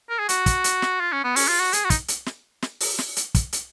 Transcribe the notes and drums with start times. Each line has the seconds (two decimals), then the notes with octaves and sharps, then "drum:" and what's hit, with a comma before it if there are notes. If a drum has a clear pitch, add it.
0.10 A#4
0.19 G#4
0.29 F#4, drum: hi-hat
0.46 drum: kick, hi-hat
0.64 drum: hi-hat
0.82 drum: snare
1.01 F4
1.12 C#4
1.24 B3
1.36 C#4, drum: open hi-hat
1.48 F4
1.60 F#4
1.73 G#4, drum: hi-hat
1.84 F#4
1.90 D#4, drum: kick, hi-hat
2.08 drum: hi-hat
2.26 drum: snare
2.62 drum: snare
2.80 drum: open hi-hat
2.98 drum: snare
3.17 drum: hi-hat
3.35 drum: kick, hi-hat
3.53 drum: hi-hat